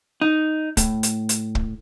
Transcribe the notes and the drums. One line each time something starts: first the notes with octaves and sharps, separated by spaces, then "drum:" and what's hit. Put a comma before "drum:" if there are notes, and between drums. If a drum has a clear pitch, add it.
D#4
A2, drum: kick, hi-hat
drum: hi-hat
drum: hi-hat
drum: kick